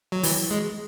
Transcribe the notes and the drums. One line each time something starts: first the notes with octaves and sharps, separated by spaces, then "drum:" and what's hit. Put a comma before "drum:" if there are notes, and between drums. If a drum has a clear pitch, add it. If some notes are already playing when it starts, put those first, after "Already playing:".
F#3
E3, drum: open hi-hat
G#3